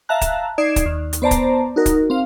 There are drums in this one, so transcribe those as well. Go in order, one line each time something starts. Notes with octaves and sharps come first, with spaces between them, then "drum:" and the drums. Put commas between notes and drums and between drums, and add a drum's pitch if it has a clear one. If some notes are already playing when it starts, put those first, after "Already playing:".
E5 F5 A5 A#5 F#6
drum: kick, hi-hat
D#4 D5 G#6 C7 D7 E7
drum: kick, hi-hat
D#2
drum: hi-hat
B3 C5 D5 A5 A#5
drum: kick, hi-hat
D#4 F#4 A#4
drum: kick, hi-hat
C4 F5